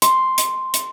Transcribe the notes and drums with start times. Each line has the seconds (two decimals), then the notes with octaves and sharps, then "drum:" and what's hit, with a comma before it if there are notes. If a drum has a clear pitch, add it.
0.02 C6, drum: hi-hat
0.38 drum: hi-hat
0.74 drum: hi-hat